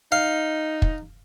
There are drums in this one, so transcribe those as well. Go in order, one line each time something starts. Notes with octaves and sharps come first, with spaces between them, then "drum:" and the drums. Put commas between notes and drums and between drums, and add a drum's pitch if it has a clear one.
D#4 F5
drum: kick